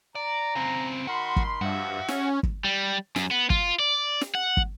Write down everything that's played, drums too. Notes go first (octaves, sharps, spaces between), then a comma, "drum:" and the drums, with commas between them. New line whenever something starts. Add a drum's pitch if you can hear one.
D5 A#5
C#3 C4
D#3 F#4 B5 C6
drum: kick
G2 F3 F#4 E5
C#4, drum: snare
drum: kick
G3
F#2, drum: snare
B3
F4, drum: kick
D5
drum: snare
F#5
drum: kick